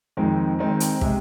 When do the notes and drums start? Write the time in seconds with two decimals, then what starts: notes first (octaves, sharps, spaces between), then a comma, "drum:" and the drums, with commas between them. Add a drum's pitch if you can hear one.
0.17 F2 D#3 G#3 C4 D#4
0.59 D#3 G#3 C4 D#4
0.80 drum: hi-hat
1.01 C3 G#3, drum: kick